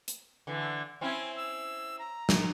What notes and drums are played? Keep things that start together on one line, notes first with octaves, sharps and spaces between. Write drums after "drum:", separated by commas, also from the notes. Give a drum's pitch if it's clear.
drum: hi-hat
D3 E3
C4 C#4 E4 G#5
E6
A#5
drum: snare